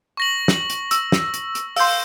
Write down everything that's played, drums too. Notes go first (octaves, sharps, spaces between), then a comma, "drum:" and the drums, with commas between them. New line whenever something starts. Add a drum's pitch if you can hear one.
C#6 A#6 F#7
drum: snare
drum: hi-hat
E6, drum: hi-hat
drum: snare
drum: hi-hat
drum: hi-hat
F5 C6 E6 G6, drum: open hi-hat